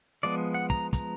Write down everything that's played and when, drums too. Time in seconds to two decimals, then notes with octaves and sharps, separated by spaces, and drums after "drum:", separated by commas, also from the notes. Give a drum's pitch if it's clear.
0.23 F3 G#3 B3 D5
0.54 F#5
0.70 A#5, drum: kick
0.93 A#5, drum: kick, hi-hat